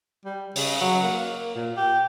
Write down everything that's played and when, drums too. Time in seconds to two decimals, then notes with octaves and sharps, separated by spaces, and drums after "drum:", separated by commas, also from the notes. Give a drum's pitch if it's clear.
0.25 G3
0.55 C#3, drum: open hi-hat
0.80 F#3
1.03 A#3
1.55 A#2
1.77 G4